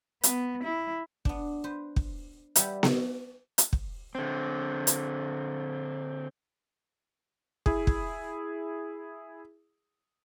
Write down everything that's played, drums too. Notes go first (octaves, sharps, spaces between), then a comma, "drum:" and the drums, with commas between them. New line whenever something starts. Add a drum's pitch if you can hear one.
B3, drum: hi-hat
E4
B3 D4, drum: kick
B4 C5
drum: kick
G3 B4 E5 F#5, drum: hi-hat
drum: snare B3
drum: hi-hat
drum: kick
D3 C4
drum: hi-hat
E4 G#4, drum: kick
drum: kick